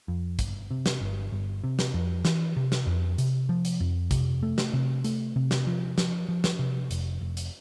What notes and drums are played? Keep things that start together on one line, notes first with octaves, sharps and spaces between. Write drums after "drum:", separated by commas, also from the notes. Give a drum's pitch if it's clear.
F2
G1, drum: kick, hi-hat
C3
drum: snare
G1
G1
C3
drum: snare
F2
E3, drum: snare
C3
drum: snare
F2
C3, drum: hi-hat
F3
drum: hi-hat
F2
C3, drum: kick, hi-hat
A3
drum: snare
C3
A3, drum: hi-hat
C3
drum: snare
F3
F3, drum: snare
F3
drum: snare
C3
F1, drum: hi-hat
F1
drum: hi-hat